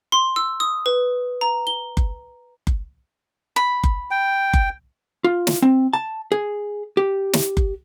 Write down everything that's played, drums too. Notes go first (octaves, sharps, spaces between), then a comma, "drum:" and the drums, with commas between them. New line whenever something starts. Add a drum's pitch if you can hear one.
C6
E6
D#6
B4
A#5
G7
drum: kick F#1
drum: kick F#1
B5
drum: kick F#1
G5
drum: kick F#1
F4
drum: snare
C4
A5
G#4
G4
drum: snare
drum: kick F#1